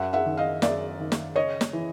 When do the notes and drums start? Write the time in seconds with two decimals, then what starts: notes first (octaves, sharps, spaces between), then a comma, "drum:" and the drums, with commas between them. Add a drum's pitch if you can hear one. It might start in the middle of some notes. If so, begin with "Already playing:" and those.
Already playing: F#2 E5 F#5
0.13 E5 F#5
0.26 D#3
0.37 D#5 F5
0.62 F#2 D5 E5, drum: snare
0.99 D#3
1.12 drum: snare
1.36 C#3 C#5 D#5
1.61 drum: snare
1.73 E3